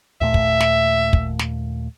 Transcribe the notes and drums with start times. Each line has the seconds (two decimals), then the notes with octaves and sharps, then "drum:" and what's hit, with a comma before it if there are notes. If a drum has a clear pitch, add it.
0.21 D#2 A#2 A3 E5
0.34 drum: kick
0.60 drum: snare
1.13 drum: kick
1.39 drum: snare